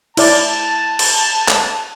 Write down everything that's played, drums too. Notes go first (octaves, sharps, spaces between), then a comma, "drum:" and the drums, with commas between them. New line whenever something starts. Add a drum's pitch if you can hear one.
E4 D5 A5, drum: cymbal
drum: cymbal
drum: clap